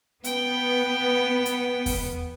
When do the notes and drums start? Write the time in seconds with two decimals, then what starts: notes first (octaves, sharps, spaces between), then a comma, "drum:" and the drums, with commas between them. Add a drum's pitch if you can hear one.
0.24 B3 G5, drum: hi-hat
1.46 drum: hi-hat
1.86 drum: kick E2, open hi-hat